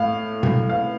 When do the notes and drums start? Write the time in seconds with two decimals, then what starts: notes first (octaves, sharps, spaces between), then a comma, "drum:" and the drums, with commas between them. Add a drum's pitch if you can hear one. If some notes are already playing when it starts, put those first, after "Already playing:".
Already playing: A2 F5
0.43 drum: tom B2
0.69 F5